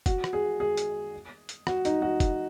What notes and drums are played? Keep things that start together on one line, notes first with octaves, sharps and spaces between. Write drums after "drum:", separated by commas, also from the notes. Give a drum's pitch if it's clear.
F#4, drum: kick, hi-hat
drum: rim click
G#4
G#4
drum: hi-hat
drum: hi-hat
F#4, drum: rim click
D#4, drum: hi-hat
F#4
drum: kick, hi-hat